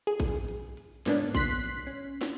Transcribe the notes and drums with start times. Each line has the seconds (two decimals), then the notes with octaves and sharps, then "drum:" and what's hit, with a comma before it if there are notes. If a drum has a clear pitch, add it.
0.07 G#4
0.20 drum: kick A1, open hi-hat
0.48 drum: hi-hat
0.77 drum: hi-hat
1.06 G#2 C#3 A#3 B3 C#4 D4, drum: snare
1.35 C6 F#6 B6 C7, drum: kick A1
1.64 drum: hi-hat
1.87 C#4
2.21 drum: snare